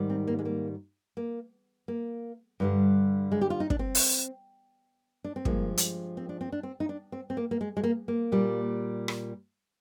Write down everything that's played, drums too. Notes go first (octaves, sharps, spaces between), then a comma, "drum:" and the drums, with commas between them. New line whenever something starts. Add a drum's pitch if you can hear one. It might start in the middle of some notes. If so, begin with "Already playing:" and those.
Already playing: G#2 D#3 G3
C4
A#3
G#3
A#3
A#3
A#3
G2 D3 G3
G#3
G4
F4
D#4
D4, drum: kick
C4
drum: open hi-hat
D4
C4
G2 F3 G#3 A#3, drum: kick
drum: hi-hat
C4
D4
C4
D4
C4
D#4
D4
C4
C4
A#3
A#3
G#3
G#3
A#3
A#3
A#2 G3
drum: rim click